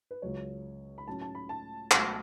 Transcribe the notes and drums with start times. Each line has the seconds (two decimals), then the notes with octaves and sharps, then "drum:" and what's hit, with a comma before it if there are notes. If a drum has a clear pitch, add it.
0.11 B4
0.22 C#2 C#3 F#3 C#5
0.98 B5
1.08 A2 F#3 C#4 A5
1.21 A5
1.35 B5
1.49 A5
1.91 C#2 B2 F#3 A3, drum: clap